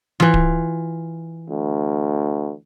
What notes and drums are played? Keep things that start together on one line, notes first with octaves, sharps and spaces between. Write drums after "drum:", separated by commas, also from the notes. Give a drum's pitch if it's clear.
E3 F4, drum: tom E3
drum: kick D1
D2